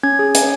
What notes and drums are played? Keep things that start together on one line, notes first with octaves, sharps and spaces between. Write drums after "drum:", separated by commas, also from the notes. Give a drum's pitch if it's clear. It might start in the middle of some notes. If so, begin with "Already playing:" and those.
C#4 G#6
G#4
C#4, drum: hi-hat